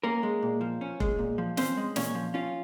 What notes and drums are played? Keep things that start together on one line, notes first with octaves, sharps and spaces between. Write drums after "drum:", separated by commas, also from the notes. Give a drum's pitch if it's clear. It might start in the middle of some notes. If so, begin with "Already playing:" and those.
A#3 C#4 A#4
G#3
A#2
F3
C#4
G#3, drum: kick E1
A#2
F3
C4 C#4 C5, drum: snare
G#3
A#2 C#4 C#5, drum: snare
F3
C#4 F4